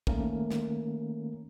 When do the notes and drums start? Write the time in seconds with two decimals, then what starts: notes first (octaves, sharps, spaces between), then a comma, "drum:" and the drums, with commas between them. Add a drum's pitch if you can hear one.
0.07 D#3 A3 A#3 C#4 A#4, drum: kick
0.51 drum: snare